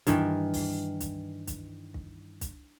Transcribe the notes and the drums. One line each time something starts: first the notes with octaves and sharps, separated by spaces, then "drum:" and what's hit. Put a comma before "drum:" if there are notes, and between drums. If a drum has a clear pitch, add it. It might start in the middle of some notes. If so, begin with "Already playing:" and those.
G2 D#3 E3, drum: kick, hi-hat
drum: kick, open hi-hat
drum: kick, hi-hat
drum: kick, hi-hat
drum: kick
drum: kick, hi-hat